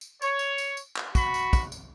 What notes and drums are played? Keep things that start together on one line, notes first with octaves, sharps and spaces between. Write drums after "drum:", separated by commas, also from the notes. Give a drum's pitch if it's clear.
drum: tambourine
C#5, drum: tambourine
drum: tambourine
drum: tambourine
drum: tambourine
drum: clap
F#4 B5 C#6, drum: kick, tambourine
drum: tambourine
drum: kick, tambourine
drum: tambourine